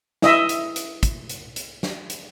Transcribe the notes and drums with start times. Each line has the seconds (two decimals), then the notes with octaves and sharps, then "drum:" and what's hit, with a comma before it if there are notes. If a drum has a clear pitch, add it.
0.22 E4 D#5 E5, drum: snare
0.49 drum: hi-hat
0.76 drum: hi-hat
1.03 drum: kick, hi-hat
1.30 drum: hi-hat
1.56 drum: hi-hat
1.83 drum: snare
2.10 drum: hi-hat